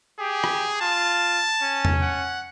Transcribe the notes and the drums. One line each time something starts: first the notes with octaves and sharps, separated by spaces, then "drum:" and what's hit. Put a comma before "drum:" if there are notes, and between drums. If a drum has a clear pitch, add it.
G4 G#4
drum: rim click
F4 A5
C#4
drum: tom E2
F#5